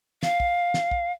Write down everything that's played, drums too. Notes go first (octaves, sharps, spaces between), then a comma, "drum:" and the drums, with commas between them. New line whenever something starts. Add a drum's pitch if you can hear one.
F5, drum: snare
drum: kick
drum: snare
drum: kick